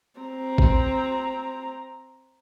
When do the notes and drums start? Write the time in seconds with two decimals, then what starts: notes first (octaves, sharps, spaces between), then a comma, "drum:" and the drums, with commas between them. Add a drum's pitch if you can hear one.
0.20 C4 A#5
0.58 drum: kick A1